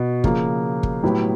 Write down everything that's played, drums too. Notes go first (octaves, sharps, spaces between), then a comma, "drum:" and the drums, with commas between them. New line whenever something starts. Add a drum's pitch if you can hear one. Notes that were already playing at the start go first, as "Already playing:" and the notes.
Already playing: B2
C#3 F3 A#3, drum: kick
drum: kick
A2 F#3 B3 E4 G4